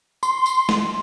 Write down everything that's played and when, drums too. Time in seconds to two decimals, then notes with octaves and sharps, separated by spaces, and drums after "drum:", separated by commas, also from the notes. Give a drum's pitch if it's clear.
0.23 C6, drum: tambourine
0.46 drum: tambourine
0.69 drum: snare